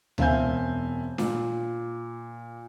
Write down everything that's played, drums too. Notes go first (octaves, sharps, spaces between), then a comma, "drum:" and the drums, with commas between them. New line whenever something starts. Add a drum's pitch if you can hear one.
E1 C4 E5 F5 G#5 G6, drum: tom D2
A#2, drum: snare D4